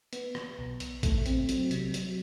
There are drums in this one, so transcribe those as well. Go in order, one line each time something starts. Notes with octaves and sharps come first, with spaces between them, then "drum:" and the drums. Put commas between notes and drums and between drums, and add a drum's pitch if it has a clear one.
B3, drum: hi-hat
B3, drum: rim click
B1
B1, drum: hi-hat
A3, drum: kick A1, hi-hat
C4, drum: hi-hat
F#3, drum: hi-hat
C3, drum: hi-hat
F#3, drum: hi-hat